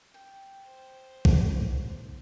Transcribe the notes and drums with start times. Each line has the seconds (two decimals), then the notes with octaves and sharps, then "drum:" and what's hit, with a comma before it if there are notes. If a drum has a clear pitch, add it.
0.14 G5
0.66 C5
1.25 A2 B3 D#4, drum: kick